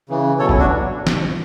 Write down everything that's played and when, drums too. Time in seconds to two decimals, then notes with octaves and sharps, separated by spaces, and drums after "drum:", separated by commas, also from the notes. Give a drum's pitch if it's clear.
0.09 C#3 E3
0.39 B2 F#3 A4 C#5
0.49 C#4 E4, drum: kick G1
0.59 D4 F#4
1.07 drum: snare